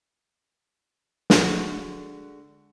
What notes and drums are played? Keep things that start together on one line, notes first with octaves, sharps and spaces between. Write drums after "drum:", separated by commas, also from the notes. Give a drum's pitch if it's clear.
D3 G#3 F#4, drum: snare